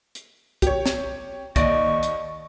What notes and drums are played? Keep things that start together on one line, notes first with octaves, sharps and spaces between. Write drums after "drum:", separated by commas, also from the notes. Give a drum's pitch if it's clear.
drum: hi-hat
G4 C#5, drum: kick, hi-hat
drum: snare
D#2 D5 D#5 C#6, drum: kick, hi-hat
drum: hi-hat